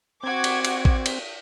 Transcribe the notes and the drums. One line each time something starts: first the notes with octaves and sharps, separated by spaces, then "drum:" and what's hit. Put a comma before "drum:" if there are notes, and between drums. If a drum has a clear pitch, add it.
C4 F#4 D6 G#6
drum: cymbal
drum: cymbal
drum: kick A1
drum: cymbal